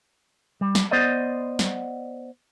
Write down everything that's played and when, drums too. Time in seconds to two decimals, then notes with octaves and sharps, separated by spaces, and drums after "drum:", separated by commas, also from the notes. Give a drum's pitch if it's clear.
0.61 G3
0.75 drum: snare
0.91 B3 C5 D5 D#5
1.59 drum: snare